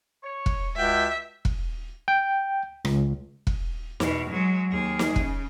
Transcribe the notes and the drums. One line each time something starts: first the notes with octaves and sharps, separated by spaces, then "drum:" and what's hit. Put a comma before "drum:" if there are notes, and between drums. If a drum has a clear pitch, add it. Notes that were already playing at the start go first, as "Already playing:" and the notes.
C#5
drum: kick F1
C#2 F#4 E5 G5
drum: kick F1
G5
C#2, drum: rim click
drum: kick F1
E2 B2, drum: snare
F#3 G#3
D#2 G#4
drum: snare
C#3, drum: kick F1